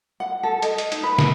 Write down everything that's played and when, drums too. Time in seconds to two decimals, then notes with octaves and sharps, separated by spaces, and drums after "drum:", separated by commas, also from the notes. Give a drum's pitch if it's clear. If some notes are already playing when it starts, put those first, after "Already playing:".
0.20 F#5
0.43 A4
0.62 D#5, drum: hi-hat
0.78 drum: hi-hat
0.92 D#4, drum: hi-hat
1.03 B4
1.18 drum: snare